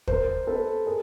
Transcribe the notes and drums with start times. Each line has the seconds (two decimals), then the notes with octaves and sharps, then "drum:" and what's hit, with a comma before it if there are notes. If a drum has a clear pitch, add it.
0.07 A#4 C5, drum: kick
0.47 A4 B4
0.86 G#4 A#4